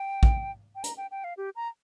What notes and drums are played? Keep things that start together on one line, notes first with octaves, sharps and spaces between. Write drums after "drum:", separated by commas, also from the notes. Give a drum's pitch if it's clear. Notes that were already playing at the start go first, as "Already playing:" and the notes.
Already playing: G5
drum: kick
G5
A#5, drum: hi-hat
G5
G5
F5
G4
A#5